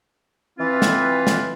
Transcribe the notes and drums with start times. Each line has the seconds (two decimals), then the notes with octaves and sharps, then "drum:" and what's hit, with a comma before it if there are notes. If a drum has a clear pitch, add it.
0.59 E3 C4 F4 B4
0.82 drum: snare
1.27 drum: snare